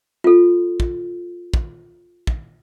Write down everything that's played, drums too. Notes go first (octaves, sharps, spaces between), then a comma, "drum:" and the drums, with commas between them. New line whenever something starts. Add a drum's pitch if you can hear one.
F4 A4
drum: kick
drum: kick
drum: kick